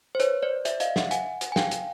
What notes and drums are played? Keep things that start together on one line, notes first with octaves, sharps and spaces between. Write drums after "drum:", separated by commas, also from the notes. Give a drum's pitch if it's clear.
C5
B4 C#5, drum: hi-hat
C5 D5
D5 E5, drum: hi-hat
D#5 F5, drum: hi-hat
E5 F#5, drum: snare
F#5 G#5, drum: hi-hat
drum: hi-hat
G#5
F5 G5, drum: snare
drum: hi-hat